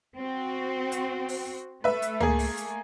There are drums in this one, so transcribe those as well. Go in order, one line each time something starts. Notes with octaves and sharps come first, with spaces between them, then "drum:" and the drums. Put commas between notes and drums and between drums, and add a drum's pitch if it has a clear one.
C4 F#4
drum: hi-hat
drum: open hi-hat
A3 B4 E5
drum: hi-hat
A#3 G#4, drum: tom C#2
drum: open hi-hat
drum: hi-hat